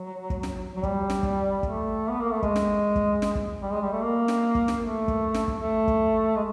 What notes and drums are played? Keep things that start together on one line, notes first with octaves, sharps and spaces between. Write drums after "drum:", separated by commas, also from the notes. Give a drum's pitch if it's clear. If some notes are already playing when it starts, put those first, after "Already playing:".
Already playing: F#3
drum: kick
drum: snare
F#3
G3, drum: kick
drum: snare
drum: kick
A3, drum: kick
B3
A#3
A3
G#3, drum: kick
drum: snare
drum: kick
drum: snare
drum: kick
G3
G#3
G3
A3
A#3
drum: snare
drum: kick
drum: snare
A3
drum: kick
drum: snare
drum: kick
A3
drum: kick
G#3